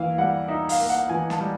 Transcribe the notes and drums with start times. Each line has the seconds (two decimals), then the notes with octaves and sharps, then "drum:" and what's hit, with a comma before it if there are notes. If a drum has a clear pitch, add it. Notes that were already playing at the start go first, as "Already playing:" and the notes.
Already playing: E3 A#3 F5
0.18 G3 F#5
0.48 D#4 E5
0.69 F5, drum: open hi-hat
0.79 A#3
0.89 F#5
1.09 E3 G#5
1.30 A5, drum: snare
1.40 G3